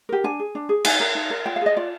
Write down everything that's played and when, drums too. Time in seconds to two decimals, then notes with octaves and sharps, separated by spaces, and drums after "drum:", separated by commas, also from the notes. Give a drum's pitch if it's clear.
0.09 G4 A#4
0.24 D4 G#5
0.39 G#4
0.55 D4
0.69 G#4
0.84 D#4 G#5, drum: cymbal
1.00 A#4
1.15 D#4
1.30 A#4
1.46 F4 G5
1.56 F5
1.61 G#4 D#5
1.76 F4 D5